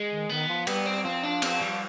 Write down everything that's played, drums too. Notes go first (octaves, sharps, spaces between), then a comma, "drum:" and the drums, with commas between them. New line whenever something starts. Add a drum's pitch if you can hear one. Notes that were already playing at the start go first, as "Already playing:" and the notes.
Already playing: G#3
D#3
D#3 B3
F3
G3 B3, drum: cymbal
C4
F3 C4
D4
C4, drum: cymbal
G3